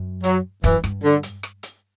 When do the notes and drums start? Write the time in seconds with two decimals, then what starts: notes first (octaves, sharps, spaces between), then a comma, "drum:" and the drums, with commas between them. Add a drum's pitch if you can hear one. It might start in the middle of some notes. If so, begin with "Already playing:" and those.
Already playing: F#2
0.24 F#3, drum: hi-hat
0.64 F#2 E3, drum: kick, hi-hat
0.84 G2, drum: rim click
1.04 D3
1.23 drum: hi-hat
1.43 drum: rim click
1.63 drum: hi-hat